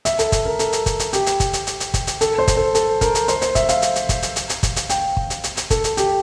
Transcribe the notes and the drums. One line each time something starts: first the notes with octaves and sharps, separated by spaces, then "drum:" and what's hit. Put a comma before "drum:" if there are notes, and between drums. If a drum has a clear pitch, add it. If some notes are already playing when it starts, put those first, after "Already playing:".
E5, drum: hi-hat
A4, drum: hi-hat
drum: kick, hi-hat
A#4
A4, drum: hi-hat
drum: hi-hat
drum: kick, hi-hat
drum: hi-hat
G4, drum: hi-hat
drum: hi-hat
drum: kick, hi-hat
drum: hi-hat
drum: hi-hat
drum: hi-hat
drum: kick, hi-hat
drum: hi-hat
A4, drum: hi-hat
C5
drum: kick, hi-hat
A4
A4, drum: hi-hat
A#4, drum: kick, hi-hat
drum: hi-hat
C5, drum: hi-hat
C5, drum: hi-hat
E5, drum: kick, hi-hat
F5, drum: hi-hat
drum: hi-hat
drum: hi-hat
drum: kick, hi-hat
drum: hi-hat
drum: hi-hat
drum: hi-hat
drum: kick, hi-hat
drum: hi-hat
G5, drum: hi-hat
drum: kick
drum: hi-hat
drum: hi-hat
drum: hi-hat
A4, drum: kick, hi-hat
drum: hi-hat
G4, drum: hi-hat